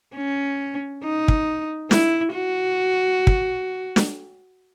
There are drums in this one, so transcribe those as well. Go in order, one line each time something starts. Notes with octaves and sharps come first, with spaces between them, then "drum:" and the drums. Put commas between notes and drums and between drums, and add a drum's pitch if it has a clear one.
C#4
D#4
drum: kick
E4, drum: snare
F#4
drum: kick
drum: snare